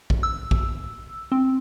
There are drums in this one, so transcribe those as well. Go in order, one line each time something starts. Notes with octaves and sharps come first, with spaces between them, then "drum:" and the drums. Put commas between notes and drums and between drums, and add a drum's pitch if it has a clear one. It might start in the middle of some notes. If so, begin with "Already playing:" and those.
drum: kick
E6
drum: kick
C4